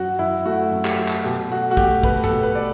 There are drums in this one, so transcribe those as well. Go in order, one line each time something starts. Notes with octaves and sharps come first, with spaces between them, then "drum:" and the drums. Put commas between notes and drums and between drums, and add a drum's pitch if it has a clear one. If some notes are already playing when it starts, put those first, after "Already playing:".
Already playing: F#2 F#3 F#4
F#2 E4
A3 F#4
F#2
G4, drum: clap
F#3
drum: clap
B2 G4
A3 F#4
F#4
A3 G4, drum: kick
B2 B4, drum: kick
A4, drum: tom
B2
B4
A3 D5